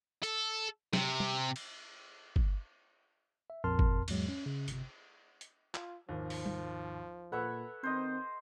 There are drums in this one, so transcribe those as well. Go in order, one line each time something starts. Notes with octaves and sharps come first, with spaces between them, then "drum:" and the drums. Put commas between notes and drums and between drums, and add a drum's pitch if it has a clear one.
A4, drum: hi-hat
C3, drum: snare F#3
drum: tom G3
drum: cymbal
drum: kick G1
E5
A#1 F2 A#4 A5 C6 F6
drum: kick G1
E2 G#2 F#3 G#3, drum: cymbal
C#4
C#3
G1 C3, drum: hi-hat
drum: hi-hat
F4, drum: clap
G#1 D#2 F3
drum: open hi-hat
drum: tom G3
A#2 A4 B4 C#5 E5 F#5
D#3 C4 C5 D#5